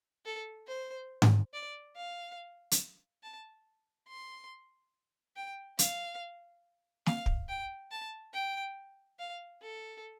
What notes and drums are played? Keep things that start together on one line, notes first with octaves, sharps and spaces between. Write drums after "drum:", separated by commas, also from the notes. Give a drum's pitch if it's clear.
A4
C5
drum: tom G#2
D5
F5
drum: hi-hat
A5
C6
G5
F5, drum: hi-hat
F5, drum: snare
drum: kick
G5
A5
G5
F5
A4